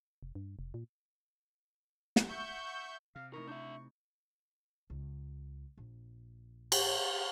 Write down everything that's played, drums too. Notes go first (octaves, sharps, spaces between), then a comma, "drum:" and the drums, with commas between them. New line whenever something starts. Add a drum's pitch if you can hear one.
F1
G2
F1
A#2
drum: snare
E5 F#5 C#6 E6 G6
C3 F5
A3 D#4 E4 A#4 C#6
D4 E5 G6
C#2
A#1
drum: cymbal